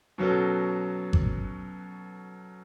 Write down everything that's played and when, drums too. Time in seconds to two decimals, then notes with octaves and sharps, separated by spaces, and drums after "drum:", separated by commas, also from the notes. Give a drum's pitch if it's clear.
0.18 B2 F#3 C#4 F#4 A4
1.13 drum: kick G#1